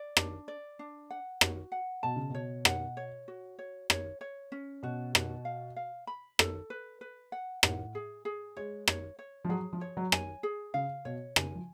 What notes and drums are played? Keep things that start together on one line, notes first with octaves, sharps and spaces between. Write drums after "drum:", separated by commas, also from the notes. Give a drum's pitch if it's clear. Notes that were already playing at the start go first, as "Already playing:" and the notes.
Already playing: D5
D4, drum: rim click
D5
D4
F#5
F#4, drum: rim click
F#5
B2 A5
C#3
B2 C#5
F#5, drum: rim click
C#5
F#4
C#5
C#5, drum: rim click
C#5
C#4
B2 F#4
F#4, drum: rim click
F5
F5
B5
A4, drum: rim click
B4
B4
F#5
A2 F#5, drum: rim click
G#4
G#4
G#3 C#5
C#5, drum: rim click
C#5
F3
F#3 G#4
F3
C#5
F#3
G#5, drum: rim click
G#4
C#3 F5
B2 C#5
C#3 G#5, drum: rim click
F3